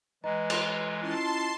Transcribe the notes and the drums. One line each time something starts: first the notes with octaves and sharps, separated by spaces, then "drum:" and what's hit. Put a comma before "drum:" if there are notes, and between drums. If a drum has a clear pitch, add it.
E3 G#3 B4 D#5 A#5
drum: cymbal
C#4 E4 F4 A5 C6 C7